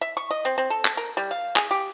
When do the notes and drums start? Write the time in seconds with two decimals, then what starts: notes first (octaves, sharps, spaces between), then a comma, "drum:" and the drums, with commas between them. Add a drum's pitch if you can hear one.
0.01 E5
0.17 C#6
0.31 D#5
0.45 C4
0.58 C4
0.70 A4
0.85 drum: clap
0.97 A#4
1.17 G3
1.31 F5
1.56 G#4, drum: clap
1.71 G4